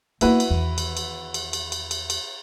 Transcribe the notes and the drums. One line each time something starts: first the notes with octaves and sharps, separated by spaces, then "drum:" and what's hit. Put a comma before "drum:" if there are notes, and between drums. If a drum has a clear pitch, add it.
A#3 B3 E4 F#4 B4, drum: cymbal
drum: cymbal
E2 D#3
drum: cymbal
drum: cymbal
drum: cymbal
drum: cymbal
drum: cymbal
drum: cymbal
drum: cymbal